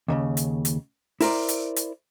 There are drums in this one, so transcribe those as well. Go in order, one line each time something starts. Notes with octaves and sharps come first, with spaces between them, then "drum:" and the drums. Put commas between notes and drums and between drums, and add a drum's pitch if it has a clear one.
D#2 A#2 C#3
drum: hi-hat
drum: hi-hat
E4 A#4 C5 D5, drum: open hi-hat
drum: hi-hat
drum: hi-hat